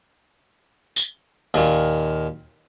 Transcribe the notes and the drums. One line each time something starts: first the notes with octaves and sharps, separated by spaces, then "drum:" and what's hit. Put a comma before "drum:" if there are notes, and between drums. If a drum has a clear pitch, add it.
drum: tambourine
D#2 A#2, drum: open hi-hat